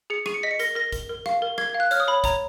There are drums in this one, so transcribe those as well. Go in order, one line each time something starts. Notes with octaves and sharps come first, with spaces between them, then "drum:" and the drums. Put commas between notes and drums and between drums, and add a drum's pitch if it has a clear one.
G#4 C#7
G#4 D#7, drum: rim click
C#7
D#5 B6
C#7
A#4 A#6, drum: hi-hat
A#4 A#6
A#4, drum: kick, hi-hat
A#4
F5, drum: rim click
A#4
A#4 G#6, drum: rim click
G#6
F5
F#6
C#5 F6, drum: hi-hat
D#6
C#5 B5
C#5 A#5, drum: kick, hi-hat